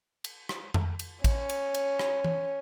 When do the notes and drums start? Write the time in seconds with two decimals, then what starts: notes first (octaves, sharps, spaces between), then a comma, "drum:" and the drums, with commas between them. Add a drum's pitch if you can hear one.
0.24 drum: cymbal
0.49 drum: rim click
0.74 drum: tom F2
0.99 drum: cymbal
1.24 C#4, drum: kick A1, cymbal
1.49 drum: cymbal
1.74 drum: cymbal
1.99 drum: rim click
2.24 drum: tom E3